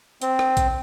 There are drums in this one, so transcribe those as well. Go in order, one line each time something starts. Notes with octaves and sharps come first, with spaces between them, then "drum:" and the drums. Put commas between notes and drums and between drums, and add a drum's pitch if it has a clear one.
C4, drum: hi-hat
drum: rim click
drum: kick A#1, hi-hat